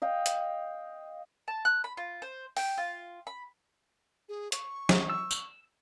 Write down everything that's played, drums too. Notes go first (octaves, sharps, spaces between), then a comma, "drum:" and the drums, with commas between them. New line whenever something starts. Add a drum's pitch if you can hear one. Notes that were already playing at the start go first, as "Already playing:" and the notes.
D#5 F5 G5
drum: hi-hat
A5
F#6
B5
F4
C5
G5, drum: open hi-hat
F4
B5
G#4
C#6, drum: hi-hat
drum: snare
E6
drum: tambourine